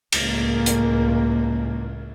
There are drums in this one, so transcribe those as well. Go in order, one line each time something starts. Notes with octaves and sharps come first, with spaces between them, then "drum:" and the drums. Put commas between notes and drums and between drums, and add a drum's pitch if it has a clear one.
C#2 A2 A#3, drum: cymbal
drum: hi-hat